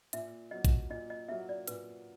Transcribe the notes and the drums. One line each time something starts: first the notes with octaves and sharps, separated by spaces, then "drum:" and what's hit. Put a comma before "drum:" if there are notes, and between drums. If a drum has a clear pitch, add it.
A#2 E5, drum: hi-hat
F#3 A#3 D#5
drum: kick A1, hi-hat
A#2 D#5
D#5
F#3 A#3 E5
D5
A#2 B4, drum: hi-hat